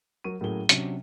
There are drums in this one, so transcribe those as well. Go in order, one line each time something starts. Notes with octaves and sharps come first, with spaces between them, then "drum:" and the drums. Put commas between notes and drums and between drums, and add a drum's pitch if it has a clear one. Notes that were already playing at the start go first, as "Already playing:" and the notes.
F#3 A#4 C#6 D#7
A2 F#3 A#3 C#4 G#4 G7
C3 F#3 C#4 D4, drum: hi-hat